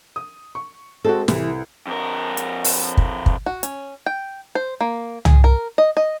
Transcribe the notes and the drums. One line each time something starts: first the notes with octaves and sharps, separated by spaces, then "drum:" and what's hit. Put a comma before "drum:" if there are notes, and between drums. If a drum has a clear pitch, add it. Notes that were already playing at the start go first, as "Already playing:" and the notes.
D#6
C#6
G#3 C4 F#4 A4
C2 E3, drum: snare
F2 A#4
drum: hi-hat
drum: open hi-hat
drum: kick
drum: kick
F#4
C#4, drum: hi-hat
G5
C5
A#3
G#4, drum: tom
A#4
D#5
D#5